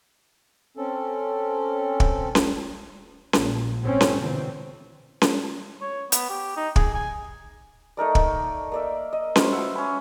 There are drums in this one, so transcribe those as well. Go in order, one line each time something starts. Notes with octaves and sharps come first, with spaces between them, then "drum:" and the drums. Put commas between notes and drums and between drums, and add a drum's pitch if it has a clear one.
C4 C#4 A4
drum: kick
drum: snare C#4
A#1 A#2, drum: snare C#4
G#1 C4 C#4
drum: snare C#4
B2 D3 E3 C4
drum: snare C#4
C#5
B3, drum: hi-hat
G4
D#4
G#4, drum: kick
G#5
A3 D#4 A#4 D5
drum: kick
A#3 D5 E5
D#5
B3 F#4 C5 F5, drum: snare C#4
E5 F#5
C#4 B5